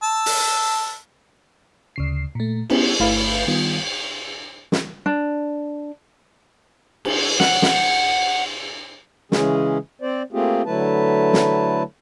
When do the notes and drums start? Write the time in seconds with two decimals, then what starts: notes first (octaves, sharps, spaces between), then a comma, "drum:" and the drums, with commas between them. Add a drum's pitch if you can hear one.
0.03 A5 E6
0.26 drum: open hi-hat
1.96 D2 C#3 C7
2.35 A#2 A3
2.70 B3 C#4 E4 G4, drum: cymbal
3.00 G1 A3 E4 B4 F5 B5
3.47 D#3 G3 B3 F4
4.72 drum: snare
5.06 D4
7.05 drum: cymbal
7.40 F#5, drum: snare
7.62 drum: snare
9.32 C#3 E3 G#3 C#4 G#4, drum: snare
10.02 C4 C5 D5
10.33 A3 A#3 C4 F4 G4 G#4
10.66 D3 F#3 A3 E4 B4 A5
11.33 drum: snare